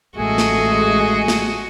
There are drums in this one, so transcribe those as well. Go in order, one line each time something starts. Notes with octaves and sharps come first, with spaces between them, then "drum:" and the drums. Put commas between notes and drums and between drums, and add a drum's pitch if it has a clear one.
A1 G#3 A3 F#4 G#4 D#5
drum: snare
drum: snare